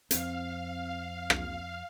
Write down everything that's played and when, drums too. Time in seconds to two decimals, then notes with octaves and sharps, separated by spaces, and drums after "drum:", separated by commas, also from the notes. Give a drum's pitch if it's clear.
0.11 F2 C4 F5, drum: hi-hat
1.30 drum: rim click